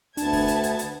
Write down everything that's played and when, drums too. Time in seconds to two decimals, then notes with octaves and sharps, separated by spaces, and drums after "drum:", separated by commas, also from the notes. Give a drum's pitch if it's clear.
0.17 D2 B3 D4 A5 G#6, drum: hi-hat
0.33 drum: kick, open hi-hat
0.48 drum: hi-hat
0.63 drum: hi-hat
0.79 drum: hi-hat